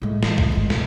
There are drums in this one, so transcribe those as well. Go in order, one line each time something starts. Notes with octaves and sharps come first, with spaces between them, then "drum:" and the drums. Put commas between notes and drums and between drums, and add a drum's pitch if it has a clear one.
A2 G#3
E3, drum: snare
drum: kick C2
G1 G#3
B2, drum: snare